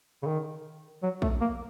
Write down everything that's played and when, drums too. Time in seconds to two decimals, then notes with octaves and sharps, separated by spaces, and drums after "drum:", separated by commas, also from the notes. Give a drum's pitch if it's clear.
0.22 C#3
0.27 D#3
1.03 F#3
1.22 A3, drum: kick
1.41 A#3